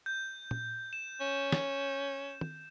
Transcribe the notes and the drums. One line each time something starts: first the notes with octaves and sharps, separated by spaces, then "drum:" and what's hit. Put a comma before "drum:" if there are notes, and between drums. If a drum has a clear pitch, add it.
G6
drum: tom
E7
C#4
drum: snare
drum: tom